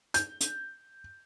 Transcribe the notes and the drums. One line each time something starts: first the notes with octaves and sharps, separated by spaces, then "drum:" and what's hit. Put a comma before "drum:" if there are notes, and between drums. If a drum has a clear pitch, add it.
G6, drum: hi-hat
drum: hi-hat